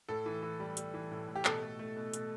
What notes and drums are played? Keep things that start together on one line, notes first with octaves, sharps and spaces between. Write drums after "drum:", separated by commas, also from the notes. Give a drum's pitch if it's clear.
A2 A4
E3
E3
G3
G3, drum: hi-hat
E3
A2
A2
G4
B2 A4, drum: clap
A3
A3
B2
B2, drum: hi-hat